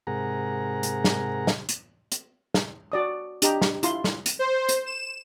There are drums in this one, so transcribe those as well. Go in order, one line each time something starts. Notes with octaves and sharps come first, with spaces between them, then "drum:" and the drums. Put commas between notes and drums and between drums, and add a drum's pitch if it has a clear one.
G#2 C3 G#4 A#4 F#5 A#5
drum: hi-hat
drum: snare
drum: snare
drum: hi-hat
drum: hi-hat
drum: snare
F#4 D5 D#6
D4 G4 D#5 A#5, drum: hi-hat
drum: snare
E4 F4 C6, drum: hi-hat
drum: snare
drum: hi-hat
C5
drum: hi-hat
E7